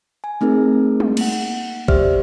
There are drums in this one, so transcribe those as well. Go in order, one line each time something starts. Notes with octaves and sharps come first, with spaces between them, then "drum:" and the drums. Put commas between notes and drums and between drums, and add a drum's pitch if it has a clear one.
G#5
A3 C4 D#4 G#4 A#4
drum: tom G3
A#3 F#5, drum: cymbal
G4 C5 D5 E5 F6, drum: kick